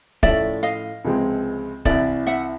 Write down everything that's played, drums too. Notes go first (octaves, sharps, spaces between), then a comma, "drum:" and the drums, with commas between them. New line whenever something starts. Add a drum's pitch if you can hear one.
A2 F3 A3 C#4 D5 E5, drum: kick
D#5 F5
C#2 C3 F3 G#3 C4
C2 C3 E3 D5 E5, drum: kick
E5 F#5